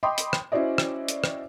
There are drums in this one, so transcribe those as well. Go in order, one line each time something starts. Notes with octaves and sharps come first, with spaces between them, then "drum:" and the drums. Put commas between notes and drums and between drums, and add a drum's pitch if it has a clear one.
D#5 G5 B5 C6 D6 D#6
drum: hi-hat
drum: rim click
C#4 E4 F#4 C5 D5 D#5
drum: rim click
drum: hi-hat
drum: rim click